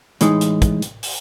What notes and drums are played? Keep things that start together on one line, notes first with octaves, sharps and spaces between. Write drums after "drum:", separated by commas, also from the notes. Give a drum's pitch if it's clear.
A2 E3 G#3 D#4, drum: hi-hat
drum: hi-hat
drum: kick, hi-hat
drum: hi-hat
drum: open hi-hat